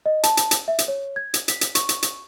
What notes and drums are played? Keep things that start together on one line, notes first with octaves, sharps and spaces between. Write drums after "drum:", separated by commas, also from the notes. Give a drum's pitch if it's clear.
D#5
A5, drum: hi-hat
drum: hi-hat
drum: hi-hat
E5
drum: hi-hat
C#5
G#6
drum: hi-hat
B6, drum: hi-hat
drum: hi-hat
C#6, drum: hi-hat
drum: hi-hat
drum: hi-hat